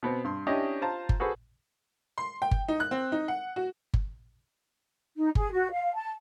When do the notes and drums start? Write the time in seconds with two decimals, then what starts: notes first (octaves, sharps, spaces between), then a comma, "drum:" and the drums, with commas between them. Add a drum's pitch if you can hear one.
0.03 B2 B3 C4
0.24 G2 C6
0.47 C#4 D4 E4 G4 D#5
0.82 F4 C5 A5 A#5
1.09 drum: kick G1
1.20 F#4 G#4 A4 B4 C5
2.18 C6
2.42 G5
2.51 drum: kick G1
2.68 D#4
2.80 F#6
2.91 C4
3.12 D#4
3.28 F#5
3.56 F#4
3.94 drum: kick G1
5.16 D#4
5.35 G#4, drum: kick G1
5.51 F#4
5.71 F5
5.94 A5